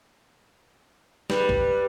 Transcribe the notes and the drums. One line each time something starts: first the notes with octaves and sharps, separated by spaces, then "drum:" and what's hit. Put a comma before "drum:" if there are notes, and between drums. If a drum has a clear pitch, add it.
G3 B4, drum: snare
drum: kick